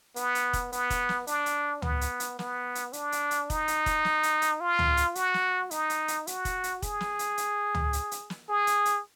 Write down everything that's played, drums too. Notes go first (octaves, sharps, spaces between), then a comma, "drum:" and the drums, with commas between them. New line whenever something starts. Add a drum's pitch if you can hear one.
B3, drum: hi-hat
drum: hi-hat
drum: kick, hi-hat
B3, drum: hi-hat
drum: kick, hi-hat
drum: snare
D4, drum: hi-hat
drum: hi-hat
B3, drum: tom
drum: hi-hat
drum: hi-hat
B3, drum: snare
drum: hi-hat
D4, drum: hi-hat
drum: hi-hat
drum: hi-hat
D#4, drum: kick, hi-hat
drum: hi-hat
drum: kick, hi-hat
drum: snare
drum: hi-hat
drum: hi-hat
F4
drum: tom
drum: hi-hat
F#4, drum: hi-hat
drum: snare
D#4, drum: hi-hat
drum: hi-hat
drum: hi-hat
F#4, drum: hi-hat
drum: kick, hi-hat
drum: hi-hat
G#4, drum: kick, hi-hat
drum: snare
drum: hi-hat
drum: hi-hat
drum: tom
drum: hi-hat
drum: hi-hat
drum: snare
G#4
drum: hi-hat
drum: hi-hat